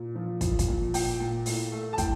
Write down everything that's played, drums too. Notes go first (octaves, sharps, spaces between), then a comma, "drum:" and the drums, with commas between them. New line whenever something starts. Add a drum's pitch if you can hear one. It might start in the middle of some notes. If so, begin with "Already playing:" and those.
Already playing: A#2
F3
F3, drum: kick, hi-hat
drum: kick, hi-hat
A#2
A#2 G5, drum: open hi-hat
A#2
A2, drum: open hi-hat
A3
A5
A2 G5, drum: kick, hi-hat